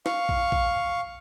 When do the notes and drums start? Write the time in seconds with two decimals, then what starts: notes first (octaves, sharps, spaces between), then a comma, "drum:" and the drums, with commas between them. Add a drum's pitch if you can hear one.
0.06 F5 C#6, drum: snare
0.29 drum: kick A#1
0.52 drum: kick A#1